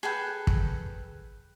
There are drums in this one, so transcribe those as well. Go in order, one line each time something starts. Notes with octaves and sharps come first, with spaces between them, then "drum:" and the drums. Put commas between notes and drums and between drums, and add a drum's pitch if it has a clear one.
G#4 A4 B4 G5
drum: kick